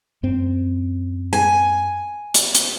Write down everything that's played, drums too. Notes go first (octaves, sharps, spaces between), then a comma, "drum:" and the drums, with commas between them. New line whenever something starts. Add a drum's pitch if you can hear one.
F#2 C4
G#5
drum: hi-hat
drum: hi-hat